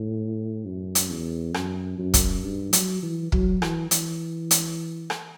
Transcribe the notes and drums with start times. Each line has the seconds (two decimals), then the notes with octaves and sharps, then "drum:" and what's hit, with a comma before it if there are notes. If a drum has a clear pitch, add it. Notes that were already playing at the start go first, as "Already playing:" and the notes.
Already playing: A2
0.65 F#2
0.95 drum: hi-hat
1.10 E2
1.54 F#2, drum: rim click
1.98 F#2
2.14 drum: kick, hi-hat
2.44 G2
2.73 F#3, drum: hi-hat
3.02 E3
3.32 F#3, drum: kick
3.62 E3, drum: rim click
3.91 E3, drum: hi-hat
4.51 drum: hi-hat
5.10 drum: rim click